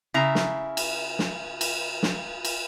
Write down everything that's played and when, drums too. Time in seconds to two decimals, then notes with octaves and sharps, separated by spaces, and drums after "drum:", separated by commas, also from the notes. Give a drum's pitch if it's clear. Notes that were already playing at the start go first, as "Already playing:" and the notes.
0.14 C#3 E4 A#5
0.35 drum: snare
0.77 drum: cymbal
1.19 drum: snare
1.61 drum: cymbal
2.03 drum: snare
2.45 drum: cymbal